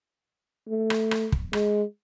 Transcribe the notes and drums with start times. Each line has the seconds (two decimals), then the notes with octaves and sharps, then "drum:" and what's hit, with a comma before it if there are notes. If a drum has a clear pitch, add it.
0.69 A3
0.90 drum: rim click
1.11 drum: rim click
1.32 drum: kick
1.53 G#3, drum: rim click